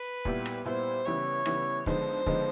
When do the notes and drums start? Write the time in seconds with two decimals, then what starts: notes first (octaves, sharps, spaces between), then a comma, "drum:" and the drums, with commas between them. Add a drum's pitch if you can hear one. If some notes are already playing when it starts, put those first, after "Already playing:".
Already playing: B4
0.25 A#2 G3 B3 E4 G4, drum: kick
0.46 drum: rim click
0.65 A#2 G3 B3 E4 G4 C5
1.06 C#3 E3 G3 B3 E4 C#5
1.46 C#3 E3 G3 B3 E4, drum: rim click
1.86 D3 F3 G#3 B3 D#4 C5, drum: kick
2.26 D3 F3 G#3 B3 D#4, drum: kick